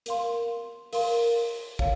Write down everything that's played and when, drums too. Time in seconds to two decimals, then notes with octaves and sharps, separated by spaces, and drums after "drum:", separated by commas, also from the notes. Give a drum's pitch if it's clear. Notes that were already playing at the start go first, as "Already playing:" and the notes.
0.06 A#4 F5 C6, drum: hi-hat
0.93 A#4 F5 C6, drum: open hi-hat
1.79 C#5 F5, drum: kick